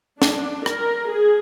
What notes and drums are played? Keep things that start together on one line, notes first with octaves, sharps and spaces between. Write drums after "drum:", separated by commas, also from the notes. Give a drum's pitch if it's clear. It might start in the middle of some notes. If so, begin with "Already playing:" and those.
D4, drum: snare
A#4, drum: rim click
G#4